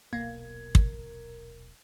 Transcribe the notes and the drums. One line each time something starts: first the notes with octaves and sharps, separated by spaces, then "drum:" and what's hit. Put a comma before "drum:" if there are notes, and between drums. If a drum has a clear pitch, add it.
D#1 B1 B2 A#3 A#4 G#6
drum: kick